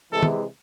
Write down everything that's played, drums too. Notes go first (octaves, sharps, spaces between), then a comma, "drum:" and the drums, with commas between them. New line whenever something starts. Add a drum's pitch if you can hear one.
C3 E3 G#3 A4
drum: tom